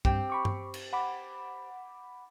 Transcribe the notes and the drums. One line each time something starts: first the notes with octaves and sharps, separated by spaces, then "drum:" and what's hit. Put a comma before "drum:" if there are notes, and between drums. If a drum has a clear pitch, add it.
G2 C4 G4 G5 G6, drum: kick
B5 C#6 D6
drum: tom G2
drum: cymbal
F#5 B5 D6